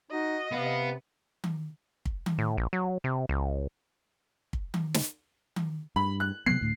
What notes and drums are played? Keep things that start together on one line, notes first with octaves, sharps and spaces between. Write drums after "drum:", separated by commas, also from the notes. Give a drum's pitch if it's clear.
D#4 F#4 D#5
C3 B3 F5
drum: tom D#3
drum: kick
drum: tom D#3
A2
A#1
F#3
C3
C#2
drum: kick
drum: tom D#3
drum: snare
drum: tom D#3
G2 B5
F#6
C3 F#3 B3 C7
D2 A2